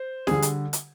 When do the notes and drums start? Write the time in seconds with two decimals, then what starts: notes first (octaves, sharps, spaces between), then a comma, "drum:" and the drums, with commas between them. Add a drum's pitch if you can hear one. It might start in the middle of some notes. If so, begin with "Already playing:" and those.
Already playing: C5
0.27 D3 G3 G#4, drum: snare
0.42 drum: hi-hat
0.73 drum: hi-hat